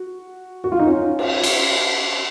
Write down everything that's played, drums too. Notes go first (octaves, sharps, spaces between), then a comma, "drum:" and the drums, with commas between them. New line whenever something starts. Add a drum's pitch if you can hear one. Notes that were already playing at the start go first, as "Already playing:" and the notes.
Already playing: F#4
F#4
F4
D#4
C#4 F4
drum: cymbal
drum: cymbal